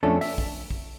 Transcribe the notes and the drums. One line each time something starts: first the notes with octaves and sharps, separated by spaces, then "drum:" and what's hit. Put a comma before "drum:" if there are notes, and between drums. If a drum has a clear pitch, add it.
F2 A3 C#4 D4 A4
E5, drum: open hi-hat
drum: kick
drum: kick